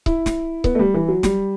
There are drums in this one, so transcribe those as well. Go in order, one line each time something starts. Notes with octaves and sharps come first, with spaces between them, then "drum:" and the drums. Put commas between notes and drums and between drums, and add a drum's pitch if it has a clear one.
E4, drum: kick C#1
drum: snare
B3, drum: kick C#1
A3
G3
E3
F#3
G3, drum: snare